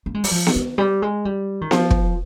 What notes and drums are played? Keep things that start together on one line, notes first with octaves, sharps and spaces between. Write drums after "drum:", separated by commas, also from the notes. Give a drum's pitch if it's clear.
A#3
G#3
G3, drum: open hi-hat
F3
drum: snare B3
D#3
G3
G#3
G3
D#3
F3, drum: snare B3
drum: kick